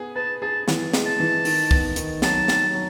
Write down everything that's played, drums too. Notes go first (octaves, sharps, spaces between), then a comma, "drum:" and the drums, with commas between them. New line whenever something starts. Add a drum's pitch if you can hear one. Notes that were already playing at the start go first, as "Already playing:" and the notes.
Already playing: B3 G#4
B4 A5
G#4 A5
E3, drum: snare
G#3, drum: snare
A5
E3
D#3, drum: open hi-hat
B3, drum: kick
D#3, drum: hi-hat
F#3 A5, drum: snare
F#3, drum: snare
F#3